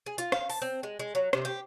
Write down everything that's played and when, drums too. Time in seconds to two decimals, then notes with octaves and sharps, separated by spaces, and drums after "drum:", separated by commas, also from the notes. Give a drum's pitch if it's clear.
0.06 G#4
0.18 F4, drum: hi-hat
0.32 F5, drum: rim click
0.50 A5, drum: open hi-hat
0.62 C4
0.83 G#3
0.99 G#3
1.15 F#3
1.33 C3, drum: rim click
1.45 G4